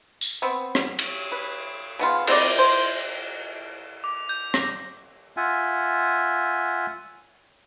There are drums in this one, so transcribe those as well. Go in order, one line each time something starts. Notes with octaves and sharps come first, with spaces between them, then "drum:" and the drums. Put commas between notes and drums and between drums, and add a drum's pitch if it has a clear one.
drum: tambourine
B3 C4
drum: rim click
drum: cymbal
B4
C#3 B3 F4
G3 C4 D5, drum: cymbal
C5
D6
G6
A#6, drum: rim click
F4 E5 F#5 G#5